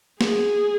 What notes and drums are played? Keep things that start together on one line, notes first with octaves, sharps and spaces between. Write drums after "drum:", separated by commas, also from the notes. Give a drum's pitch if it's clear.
G#4, drum: snare